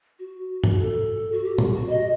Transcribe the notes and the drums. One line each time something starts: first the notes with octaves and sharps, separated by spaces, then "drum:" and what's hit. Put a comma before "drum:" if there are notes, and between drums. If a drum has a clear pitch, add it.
F#4
drum: tom
A4
F#4
G4
F#4, drum: tom
F#4
D#5